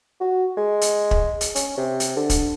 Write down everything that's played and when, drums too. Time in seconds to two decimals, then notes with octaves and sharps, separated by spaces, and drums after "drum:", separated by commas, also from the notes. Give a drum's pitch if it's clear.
0.21 F#4
0.57 G#3
0.81 drum: hi-hat
1.11 drum: kick
1.41 drum: hi-hat
1.55 C#4, drum: hi-hat
1.78 C3
2.00 drum: hi-hat
2.16 D3
2.30 drum: kick, hi-hat